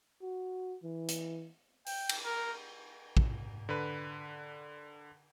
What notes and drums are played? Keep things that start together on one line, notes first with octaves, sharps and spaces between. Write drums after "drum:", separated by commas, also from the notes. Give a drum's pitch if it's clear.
F#4
E3
drum: hi-hat
G5, drum: open hi-hat
drum: cymbal
A#4
drum: kick
D3 B4